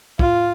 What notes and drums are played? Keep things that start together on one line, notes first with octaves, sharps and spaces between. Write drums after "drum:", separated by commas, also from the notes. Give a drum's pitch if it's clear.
F4, drum: kick